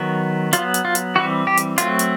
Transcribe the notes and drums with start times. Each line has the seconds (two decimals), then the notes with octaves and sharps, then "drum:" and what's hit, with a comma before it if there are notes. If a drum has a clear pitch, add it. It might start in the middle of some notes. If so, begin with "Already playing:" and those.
Already playing: D#3 F#3 B3
0.53 F#3 B3 F4, drum: hi-hat
0.74 drum: hi-hat
0.85 F4
0.95 drum: hi-hat
1.15 E3 G3 C4 F#4
1.47 G4
1.57 drum: hi-hat
1.78 F#3 A3 C4 F4, drum: hi-hat
1.99 drum: hi-hat